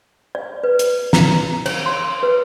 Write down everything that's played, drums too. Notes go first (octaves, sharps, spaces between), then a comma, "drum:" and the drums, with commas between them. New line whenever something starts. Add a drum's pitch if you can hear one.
D5
B4
drum: hi-hat
A#5, drum: snare
C#5, drum: cymbal
C6
B4